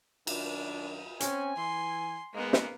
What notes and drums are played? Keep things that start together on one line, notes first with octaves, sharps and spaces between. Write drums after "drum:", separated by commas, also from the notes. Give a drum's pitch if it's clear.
F#2 D#3 D4, drum: cymbal
C4 C#4 G#5, drum: hi-hat
E3 C6
G#2 G#3 A#3 B3
drum: snare